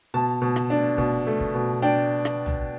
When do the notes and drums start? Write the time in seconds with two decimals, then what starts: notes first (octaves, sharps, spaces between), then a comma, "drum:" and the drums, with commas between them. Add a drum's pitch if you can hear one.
0.14 B2 A5
0.41 B2
0.56 drum: rim click
0.70 D4
0.98 B2, drum: kick
1.27 A3
1.40 drum: kick
1.55 B2
1.82 D4 G5
2.25 drum: rim click
2.46 drum: tom B1